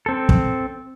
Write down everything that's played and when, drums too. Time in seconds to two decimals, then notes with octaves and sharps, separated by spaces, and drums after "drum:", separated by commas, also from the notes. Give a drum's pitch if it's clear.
0.06 C4 A4
0.29 drum: kick